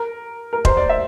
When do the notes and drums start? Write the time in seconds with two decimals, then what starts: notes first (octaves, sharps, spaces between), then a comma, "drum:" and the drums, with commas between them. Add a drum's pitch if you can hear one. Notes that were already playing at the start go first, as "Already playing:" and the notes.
Already playing: A#4
0.53 A#4
0.65 C5, drum: kick E1
0.77 D5
0.89 E5